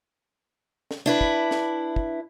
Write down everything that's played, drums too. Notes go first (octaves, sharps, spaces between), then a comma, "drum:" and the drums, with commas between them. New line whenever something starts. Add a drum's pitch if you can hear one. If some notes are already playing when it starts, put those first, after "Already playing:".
drum: snare
D4 E4 B4
drum: kick
drum: snare
drum: kick